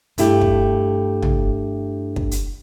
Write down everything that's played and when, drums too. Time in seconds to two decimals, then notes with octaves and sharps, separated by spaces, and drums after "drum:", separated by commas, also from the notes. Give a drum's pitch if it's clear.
0.18 G2 A3 E4 G4, drum: hi-hat
0.41 drum: kick
1.22 drum: tom
2.16 drum: kick
2.31 drum: hi-hat